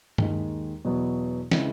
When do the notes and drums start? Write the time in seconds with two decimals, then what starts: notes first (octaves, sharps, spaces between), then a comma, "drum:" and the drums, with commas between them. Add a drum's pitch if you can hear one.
0.18 D#2 D#3 G#3, drum: tom G2
0.85 E2 B2 F#3 B3
1.52 C#3 E3 G#3, drum: snare